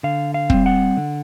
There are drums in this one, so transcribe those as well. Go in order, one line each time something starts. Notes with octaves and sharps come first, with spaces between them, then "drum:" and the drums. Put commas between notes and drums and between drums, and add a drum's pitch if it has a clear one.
D3 F5
F5
G3 C4, drum: kick
F#5
D3